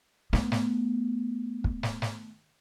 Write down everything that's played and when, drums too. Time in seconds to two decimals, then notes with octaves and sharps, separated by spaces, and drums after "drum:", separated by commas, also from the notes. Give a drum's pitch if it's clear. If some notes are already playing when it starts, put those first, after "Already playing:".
0.33 A3 B3, drum: snare
0.52 drum: snare
1.64 drum: kick
1.83 drum: snare
2.02 drum: snare